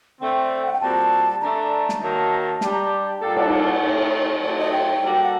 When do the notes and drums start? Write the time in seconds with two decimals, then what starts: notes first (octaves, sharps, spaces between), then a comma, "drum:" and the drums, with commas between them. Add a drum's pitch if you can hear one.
0.20 D3 A3 C4 G5
0.66 F#5
0.73 G5
0.81 A#2 G3 C4 F#4 A4 A5
1.41 D3 A3 D4 A4 A#5
1.89 drum: snare
2.01 D#3 F#3 A#3 D#4 A5
2.61 G3 D4 G4 A5, drum: snare
2.72 A#5
2.83 A5
3.21 A#2 G3 A#3 D4 A4 G5
3.37 F#5, drum: cymbal
3.82 A2 A3 C4
4.42 F#3 A3 C4 D5
4.58 D#5
4.72 G5
5.03 G3 A#3 F#4 A4
5.23 F#5